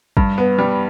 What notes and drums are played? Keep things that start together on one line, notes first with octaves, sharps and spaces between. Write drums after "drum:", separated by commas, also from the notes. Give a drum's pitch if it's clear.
G2, drum: kick
B3
G3